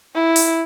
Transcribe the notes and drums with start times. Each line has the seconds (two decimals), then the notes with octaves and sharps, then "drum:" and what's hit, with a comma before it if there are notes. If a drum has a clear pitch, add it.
0.15 E4
0.36 drum: open hi-hat